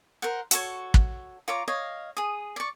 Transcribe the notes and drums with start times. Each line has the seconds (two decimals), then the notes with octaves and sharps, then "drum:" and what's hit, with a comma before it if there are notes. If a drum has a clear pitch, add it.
0.22 A#4 C5 F#5
0.51 F#4 A4 C#5, drum: hi-hat
0.94 drum: kick
1.48 F4 C#5 A#5 D6
1.68 C#5 D#5 F5
2.17 G#4 D#6
2.56 D5 C#6